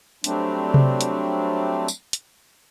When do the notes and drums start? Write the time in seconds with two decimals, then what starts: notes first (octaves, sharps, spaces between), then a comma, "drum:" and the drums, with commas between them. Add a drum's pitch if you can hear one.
0.24 F#3 G3 A3 C4 D4, drum: hi-hat
0.74 drum: tom C3
1.01 drum: hi-hat
1.88 drum: tambourine
2.13 drum: hi-hat